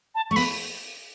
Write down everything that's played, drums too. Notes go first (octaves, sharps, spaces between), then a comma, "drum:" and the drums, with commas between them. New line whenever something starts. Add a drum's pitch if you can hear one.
A5
A3 C#6
B3 B5, drum: open hi-hat